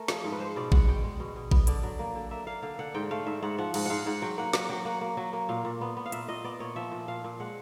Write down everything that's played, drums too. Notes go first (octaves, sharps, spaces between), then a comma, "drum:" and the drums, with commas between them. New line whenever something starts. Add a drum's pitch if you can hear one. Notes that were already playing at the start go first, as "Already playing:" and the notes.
Already playing: A3 A#4
F3 G#4, drum: snare
G#2
B4
G#3 C5
B2 D5
G#3 F#5, drum: kick A1
B2 G5
G#3
B2
B2
B3, drum: kick A1
D3 D5, drum: hi-hat
F#3
A#3
D3
A#3 E5
A#3 F5
D3 F5
D3 F#5
G#2 G5
A3 F5
G#2 E5
G#2 F#5
F3 F#5
G#2 F#5, drum: cymbal
G#2 F5 F#5
G#2 F#5
F#3 G5
A#3 F#5
F#3 F#5, drum: snare
F#3 G5
A#3 F#5
A#3
F#3
A#3
A#2 F5
A#2
B3
B3
F5
A#2 E5, drum: hi-hat
A#2 D#5
B3 D5
A#2 C#5
F3 E5
A#2
A#2 F5
A#2
G#3 F#5